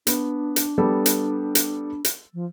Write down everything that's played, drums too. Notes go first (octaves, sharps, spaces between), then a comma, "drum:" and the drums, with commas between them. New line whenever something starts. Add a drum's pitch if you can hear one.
B3 D4, drum: hi-hat
drum: hi-hat
G3 B3 A4
drum: hi-hat
drum: hi-hat
drum: hi-hat
F3